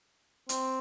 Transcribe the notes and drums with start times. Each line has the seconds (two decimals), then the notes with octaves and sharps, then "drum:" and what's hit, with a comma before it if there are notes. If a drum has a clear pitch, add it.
0.49 C4, drum: hi-hat